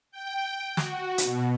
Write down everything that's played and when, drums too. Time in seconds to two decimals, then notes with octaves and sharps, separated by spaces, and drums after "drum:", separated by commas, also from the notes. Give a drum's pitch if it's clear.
0.11 G5
0.77 F#4, drum: snare
1.18 B2, drum: hi-hat